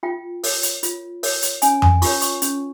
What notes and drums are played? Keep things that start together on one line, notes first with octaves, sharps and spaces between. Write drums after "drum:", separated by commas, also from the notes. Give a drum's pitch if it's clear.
F4 G5
A#4 C#5, drum: open hi-hat
drum: hi-hat
F4, drum: hi-hat
A#4 C#5, drum: open hi-hat
drum: hi-hat
C#4 G#5, drum: hi-hat
G#5, drum: tom F2
F4 A#4 C#5 C#6, drum: open hi-hat
C#6, drum: hi-hat
C#4, drum: hi-hat